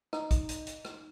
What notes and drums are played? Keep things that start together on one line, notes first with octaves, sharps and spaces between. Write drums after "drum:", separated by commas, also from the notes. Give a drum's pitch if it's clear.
D#4, drum: rim click
drum: kick, hi-hat
drum: hi-hat
drum: hi-hat
drum: rim click